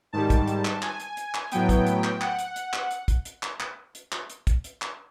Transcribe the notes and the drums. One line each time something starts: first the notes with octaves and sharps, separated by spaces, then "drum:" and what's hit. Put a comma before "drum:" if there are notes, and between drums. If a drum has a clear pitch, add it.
G#2 D#3 G3 A5
drum: kick, hi-hat
drum: hi-hat
drum: clap
G#5, drum: clap
drum: hi-hat
drum: hi-hat
drum: clap
A2 F#3 B3 G5, drum: hi-hat
drum: kick, hi-hat
drum: hi-hat
drum: clap
F#5, drum: clap
drum: hi-hat
drum: hi-hat
drum: clap
drum: hi-hat
drum: kick, hi-hat
drum: hi-hat
drum: clap
drum: clap
drum: hi-hat
drum: clap
drum: hi-hat
drum: kick, hi-hat
drum: hi-hat
drum: clap